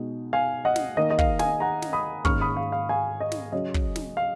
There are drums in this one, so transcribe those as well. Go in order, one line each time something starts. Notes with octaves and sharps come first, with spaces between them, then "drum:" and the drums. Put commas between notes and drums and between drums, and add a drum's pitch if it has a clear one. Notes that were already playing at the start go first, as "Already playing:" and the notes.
Already playing: B2 G#3 D#4
F5 G#5
D#5 F#5
drum: snare
D#3 A#3 D#4 D#5
D#5
F5, drum: kick
F5 G#5, drum: snare
F#5 A#5
drum: snare
B5 D#6
G#2 D#3 A#3 C#4 C#6 F6, drum: kick
B5 D#6
F5
F5
F5 G#5
D#5
drum: snare
C#3 F#3 C#4 D#5
drum: kick
drum: snare
F5